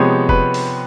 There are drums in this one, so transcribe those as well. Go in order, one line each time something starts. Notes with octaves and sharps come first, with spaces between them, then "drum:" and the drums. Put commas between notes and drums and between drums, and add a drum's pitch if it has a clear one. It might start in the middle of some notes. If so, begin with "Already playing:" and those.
Already playing: C3 F3 G#3 B3 C#5
B4, drum: kick F1
drum: open hi-hat